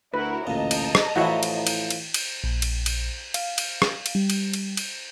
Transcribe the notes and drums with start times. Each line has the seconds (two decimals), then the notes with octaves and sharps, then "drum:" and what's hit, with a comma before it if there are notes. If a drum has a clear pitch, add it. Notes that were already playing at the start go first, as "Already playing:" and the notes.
0.14 D2 E4 F#4 A#4 B4
0.47 A1 D2 A#2 D#5 A5 A#5
0.71 drum: cymbal
0.95 drum: rim click
1.16 A2 E3 F3 E4 F#4 F#5
1.43 drum: cymbal
1.67 drum: cymbal
1.90 drum: cymbal
2.14 drum: cymbal
2.44 A#1
2.62 drum: cymbal
2.86 drum: cymbal
3.34 F5, drum: cymbal
3.58 drum: cymbal
3.82 drum: rim click
4.06 drum: cymbal
4.15 G3
4.30 drum: cymbal
4.53 drum: cymbal
4.77 drum: cymbal